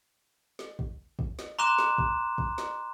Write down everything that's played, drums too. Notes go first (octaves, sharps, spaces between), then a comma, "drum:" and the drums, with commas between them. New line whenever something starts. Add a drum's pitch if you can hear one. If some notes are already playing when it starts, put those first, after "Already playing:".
drum: snare
drum: kick
drum: kick
drum: snare
A#5 C6 D6 F#6 E7
drum: snare
drum: kick
drum: kick
drum: snare